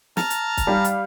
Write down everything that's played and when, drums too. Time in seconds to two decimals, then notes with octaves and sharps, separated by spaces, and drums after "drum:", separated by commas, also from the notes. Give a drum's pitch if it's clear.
0.17 A5 A#5 F6, drum: snare
0.30 drum: hi-hat
0.57 drum: kick, hi-hat
0.67 G3 F5
0.85 drum: hi-hat